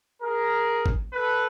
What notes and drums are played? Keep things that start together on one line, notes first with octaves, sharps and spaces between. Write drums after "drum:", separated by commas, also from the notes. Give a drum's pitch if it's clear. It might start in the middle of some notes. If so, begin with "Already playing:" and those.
G#4 A#4
drum: kick
A4 B4